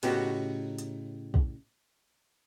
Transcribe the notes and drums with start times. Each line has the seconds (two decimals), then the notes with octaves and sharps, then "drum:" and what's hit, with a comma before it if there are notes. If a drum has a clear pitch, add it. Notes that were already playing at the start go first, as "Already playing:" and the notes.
0.03 A2 C#3 B3 D#4 F#4 G4, drum: cymbal
0.78 drum: hi-hat
1.34 drum: kick